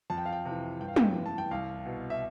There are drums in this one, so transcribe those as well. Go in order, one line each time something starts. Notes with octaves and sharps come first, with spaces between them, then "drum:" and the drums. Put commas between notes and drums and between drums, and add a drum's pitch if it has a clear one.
F2 A5
G5
F5
G5
C3 E3
G2 G5
F5
G5, drum: tom
E3
A5
G5
C2 F5
B2
E5